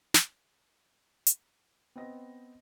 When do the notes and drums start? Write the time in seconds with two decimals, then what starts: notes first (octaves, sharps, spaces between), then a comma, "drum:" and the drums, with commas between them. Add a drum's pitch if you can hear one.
0.14 drum: snare
1.27 drum: hi-hat
1.96 B3 C4 D#5 A#6